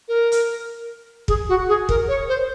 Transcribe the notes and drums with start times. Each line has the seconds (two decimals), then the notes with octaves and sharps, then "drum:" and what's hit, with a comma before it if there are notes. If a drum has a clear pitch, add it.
0.08 A#4
0.32 drum: hi-hat
1.28 G#4, drum: kick
1.49 F#4
1.69 G#4
1.89 A#4, drum: kick
2.08 C#5
2.28 C5